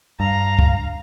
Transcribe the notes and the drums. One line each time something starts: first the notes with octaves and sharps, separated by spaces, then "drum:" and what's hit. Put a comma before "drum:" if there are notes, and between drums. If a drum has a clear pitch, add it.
G2 F5 A#5
drum: kick